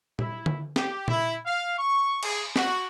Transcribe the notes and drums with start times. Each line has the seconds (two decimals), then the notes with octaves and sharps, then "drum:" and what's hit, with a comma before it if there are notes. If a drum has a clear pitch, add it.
0.19 E4, drum: tom A#2
0.46 drum: tom D3
0.76 G4, drum: snare
1.08 E4, drum: tom A#2
1.46 F5
1.78 C#6
2.23 G#4, drum: cymbal
2.56 F#4, drum: snare